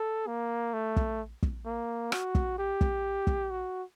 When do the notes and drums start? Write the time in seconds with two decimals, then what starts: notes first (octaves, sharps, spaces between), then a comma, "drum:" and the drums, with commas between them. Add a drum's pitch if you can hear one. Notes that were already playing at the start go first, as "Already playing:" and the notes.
Already playing: A4
0.27 A#3
0.73 A3
0.96 drum: kick
1.43 drum: kick
1.66 A#3
2.12 F#4, drum: rim click
2.35 drum: kick
2.58 G4
2.81 drum: kick
3.27 drum: kick
3.50 F#4